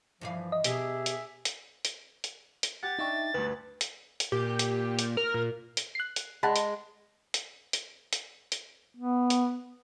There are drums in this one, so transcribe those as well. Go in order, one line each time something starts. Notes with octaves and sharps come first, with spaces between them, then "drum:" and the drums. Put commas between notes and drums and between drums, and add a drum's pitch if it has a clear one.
G2 E3 F3 F5
D#5
B2 G4 G#4 E5, drum: hi-hat
drum: hi-hat
drum: hi-hat
drum: hi-hat
drum: hi-hat
drum: hi-hat
G4 F#5 A6
D4 D#4 E5 G5 C#6
D2 G2 B4
drum: hi-hat
drum: hi-hat
A#2 G4
drum: hi-hat
drum: hi-hat
A#4 F6
A#2
drum: hi-hat
F#6 C7
drum: hi-hat
G#3 F#5 A5 B5
drum: hi-hat
drum: hi-hat
drum: hi-hat
drum: hi-hat
drum: hi-hat
B3
drum: hi-hat